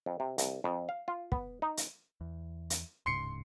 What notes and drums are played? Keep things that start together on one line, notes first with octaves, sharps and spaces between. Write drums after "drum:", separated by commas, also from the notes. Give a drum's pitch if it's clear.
F2
C3
C2, drum: hi-hat
F2
F5
F4
B3, drum: kick
D#4
drum: hi-hat
E2
drum: hi-hat
D1 G#2 C#3 C6 C7 C#7